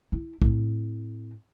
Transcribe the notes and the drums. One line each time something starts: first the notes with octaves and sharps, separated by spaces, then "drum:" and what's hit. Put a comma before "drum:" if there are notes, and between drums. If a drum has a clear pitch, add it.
E4
A2 C4, drum: kick